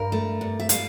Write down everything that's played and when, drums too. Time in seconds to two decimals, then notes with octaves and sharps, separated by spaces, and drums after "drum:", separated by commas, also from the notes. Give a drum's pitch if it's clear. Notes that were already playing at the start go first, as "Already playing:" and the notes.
Already playing: G2 A#4
0.12 A3
0.41 G2
0.60 E5
0.69 G3 F5, drum: hi-hat